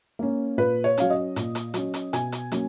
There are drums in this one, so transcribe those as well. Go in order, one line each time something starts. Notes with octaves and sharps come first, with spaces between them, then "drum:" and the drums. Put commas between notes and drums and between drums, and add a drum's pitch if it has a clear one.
A#3 C#4
A#2 B4
C#5
F#3 C#4 F5, drum: hi-hat
D#5
A#2, drum: hi-hat
drum: hi-hat
F#3 C#4, drum: hi-hat
drum: hi-hat
B2 G#5, drum: hi-hat
drum: hi-hat
F#3 A#3 C#4, drum: hi-hat